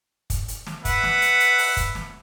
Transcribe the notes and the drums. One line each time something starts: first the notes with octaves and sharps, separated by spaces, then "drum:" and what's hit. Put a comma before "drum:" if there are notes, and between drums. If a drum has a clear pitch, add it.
drum: kick, hi-hat
drum: hi-hat
drum: snare
B4 E5 F#5, drum: kick, hi-hat
drum: snare
drum: hi-hat
drum: hi-hat
drum: open hi-hat
drum: kick, hi-hat
drum: snare